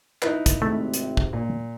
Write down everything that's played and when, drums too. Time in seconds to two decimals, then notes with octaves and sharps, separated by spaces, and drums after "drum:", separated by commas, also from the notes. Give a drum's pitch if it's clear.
0.22 D#4 E4 B4, drum: clap
0.46 drum: kick, hi-hat
0.62 G#1 C3 A3
0.94 drum: hi-hat
1.17 drum: kick
1.33 A#2